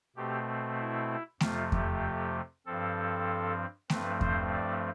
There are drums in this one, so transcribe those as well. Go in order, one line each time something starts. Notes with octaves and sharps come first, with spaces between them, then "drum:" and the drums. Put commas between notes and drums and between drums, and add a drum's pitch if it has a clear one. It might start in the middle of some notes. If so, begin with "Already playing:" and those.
B2 A3 C4 G4
E4
F2 C3 F3 A3 F4, drum: snare A3
G4, drum: kick E2
G2 F3 C4 A4
G2 F3 A3 C4 B4, drum: snare A3
C5, drum: kick E2
D5